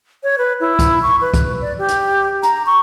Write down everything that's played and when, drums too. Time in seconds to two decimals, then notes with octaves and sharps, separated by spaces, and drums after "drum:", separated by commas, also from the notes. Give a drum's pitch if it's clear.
0.23 C#5
0.38 B4
0.60 E4
0.79 drum: kick C#2, hi-hat
1.03 C#6
1.21 B4
1.34 drum: kick C#2, hi-hat
1.61 D5
1.78 G4
1.88 drum: hi-hat
2.43 A#5, drum: hi-hat
2.66 C#6